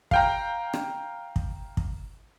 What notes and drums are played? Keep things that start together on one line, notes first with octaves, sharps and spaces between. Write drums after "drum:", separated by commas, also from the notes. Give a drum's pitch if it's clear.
F5 G5 A#5, drum: kick
drum: rim click
drum: kick
drum: kick